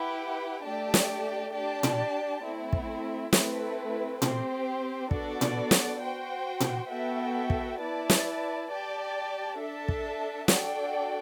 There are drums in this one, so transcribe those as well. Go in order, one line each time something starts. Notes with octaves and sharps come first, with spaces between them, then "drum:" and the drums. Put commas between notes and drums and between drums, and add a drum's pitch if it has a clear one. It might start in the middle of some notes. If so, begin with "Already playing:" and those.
Already playing: E4 G4 B4 F#5
A3 D4 G4 D5 A5
drum: snare
D4 G4 D5 A5
drum: tom A#2
A3 C4 E4
drum: kick
A3 C4 E4 B4, drum: snare
C4 G4 C5, drum: tom A#2
B3 D4 F#4 A4 D5, drum: kick
drum: tom A#2
drum: snare
F#4 C5 G5
drum: tom A#2
B3 F#4 A4 E5 G5
drum: kick
E4 B4 D5 A5
drum: snare
G4 D5 A5
D4 A4 E5 A5
drum: kick
D4 F#4 A4 D5 G5, drum: snare